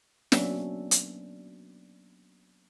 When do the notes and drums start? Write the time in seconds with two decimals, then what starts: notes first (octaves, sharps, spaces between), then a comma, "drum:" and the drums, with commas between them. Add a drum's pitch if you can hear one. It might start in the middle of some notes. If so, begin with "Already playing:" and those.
0.32 F#3 A#3 B3 C#4 D4 E5, drum: snare
0.91 drum: hi-hat